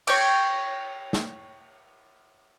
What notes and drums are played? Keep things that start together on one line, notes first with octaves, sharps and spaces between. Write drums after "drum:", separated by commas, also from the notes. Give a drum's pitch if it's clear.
C#5 G5 D6, drum: cymbal
drum: snare